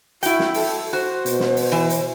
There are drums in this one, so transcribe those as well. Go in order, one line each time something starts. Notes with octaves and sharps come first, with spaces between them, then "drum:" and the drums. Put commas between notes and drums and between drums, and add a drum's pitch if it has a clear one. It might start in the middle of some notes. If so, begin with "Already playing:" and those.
E4 F#4 G5, drum: hi-hat
drum: snare
A4, drum: open hi-hat
F#4 C5
B2, drum: hi-hat
drum: snare
drum: open hi-hat
E3
drum: hi-hat